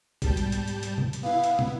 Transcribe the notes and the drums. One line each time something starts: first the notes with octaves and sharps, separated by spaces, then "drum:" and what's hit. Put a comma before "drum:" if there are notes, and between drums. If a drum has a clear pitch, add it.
G#2 B2 G3 A5 G6, drum: kick B1, hi-hat
drum: hi-hat
drum: hi-hat
drum: hi-hat
drum: hi-hat
drum: tom C3
drum: hi-hat
B3 E4 G4 F5
drum: hi-hat
drum: tom